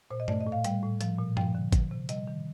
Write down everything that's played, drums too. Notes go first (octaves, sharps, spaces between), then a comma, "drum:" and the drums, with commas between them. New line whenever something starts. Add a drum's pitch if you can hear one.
A#2 C5
D#5
A3 D5, drum: tom G2
D#5
A2
F5
G3 G5, drum: hi-hat
A2
F3, drum: hi-hat
A#2
F3 G5, drum: tom G2
D3
F3, drum: kick, hi-hat
C3
G3 D#5, drum: hi-hat
D#3